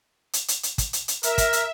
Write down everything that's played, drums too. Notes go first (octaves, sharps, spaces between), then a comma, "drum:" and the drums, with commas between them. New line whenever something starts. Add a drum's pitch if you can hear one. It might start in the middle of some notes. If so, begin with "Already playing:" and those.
drum: hi-hat
drum: hi-hat
drum: hi-hat
drum: kick, hi-hat
drum: hi-hat
drum: hi-hat
A#4 E5, drum: hi-hat
drum: kick, hi-hat
drum: hi-hat